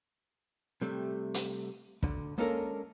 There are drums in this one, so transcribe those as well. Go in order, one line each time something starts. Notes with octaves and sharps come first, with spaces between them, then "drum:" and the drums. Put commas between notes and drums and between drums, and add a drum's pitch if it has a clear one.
C3 G3 A3
drum: hi-hat
D2 D3, drum: kick
G#3 A#3 C#4 D4 A4 A#4